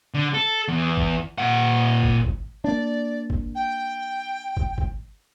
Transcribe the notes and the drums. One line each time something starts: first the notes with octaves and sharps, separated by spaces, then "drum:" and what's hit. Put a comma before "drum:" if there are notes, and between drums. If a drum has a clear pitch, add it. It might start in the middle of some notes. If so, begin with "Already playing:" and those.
D3
A4
E2
drum: kick
A#2 F#5
drum: kick
drum: kick
A#3 D4 D5
drum: kick
G5
drum: kick
drum: kick